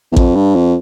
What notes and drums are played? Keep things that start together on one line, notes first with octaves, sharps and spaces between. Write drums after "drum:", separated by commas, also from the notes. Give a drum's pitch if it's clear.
E2
F2, drum: kick A1
G2
F2